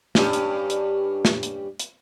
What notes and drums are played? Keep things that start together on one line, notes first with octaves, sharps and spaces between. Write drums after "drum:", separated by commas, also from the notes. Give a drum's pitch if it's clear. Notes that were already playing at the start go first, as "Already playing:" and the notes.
G2 C#4 G4, drum: snare
drum: hi-hat
drum: hi-hat
drum: snare
drum: hi-hat
drum: hi-hat